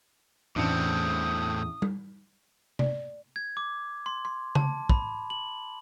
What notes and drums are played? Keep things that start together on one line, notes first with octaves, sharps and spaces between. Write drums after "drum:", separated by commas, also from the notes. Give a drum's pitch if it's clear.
A1 E2 A2 C4 D4 D#6 C#7
drum: tom
D5, drum: tom C3
G#6
D6
C6
C6
A5, drum: tom C#3
B5, drum: kick
F#7